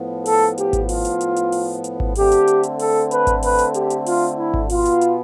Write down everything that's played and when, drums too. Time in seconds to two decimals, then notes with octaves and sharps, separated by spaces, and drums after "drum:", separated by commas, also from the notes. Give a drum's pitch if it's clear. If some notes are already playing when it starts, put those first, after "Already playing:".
Already playing: A2 F3 B3
0.26 A4, drum: open hi-hat
0.58 G4, drum: hi-hat
0.73 drum: kick G#1, hi-hat
0.89 F4, drum: open hi-hat
1.05 drum: hi-hat
1.21 drum: hi-hat
1.36 drum: hi-hat
1.52 drum: open hi-hat
1.84 drum: hi-hat
2.00 drum: kick G#1
2.15 D3 A3 C4 G4, drum: open hi-hat
2.32 drum: hi-hat
2.47 drum: hi-hat
2.63 drum: hi-hat
2.79 A4, drum: open hi-hat
3.11 B4, drum: hi-hat
3.27 drum: kick G#1, hi-hat
3.43 B4, drum: open hi-hat
3.59 drum: hi-hat
3.74 G4, drum: hi-hat
3.90 drum: hi-hat
4.06 F4, drum: open hi-hat
4.38 E4
4.54 drum: kick G#1
4.70 B2 B3 F4, drum: open hi-hat
4.85 drum: hi-hat
5.01 drum: hi-hat